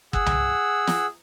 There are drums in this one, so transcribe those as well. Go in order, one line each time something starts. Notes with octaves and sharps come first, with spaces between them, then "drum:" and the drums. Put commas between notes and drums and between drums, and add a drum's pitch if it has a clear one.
G#4 F#5 E6, drum: kick G1
drum: tom C2
drum: snare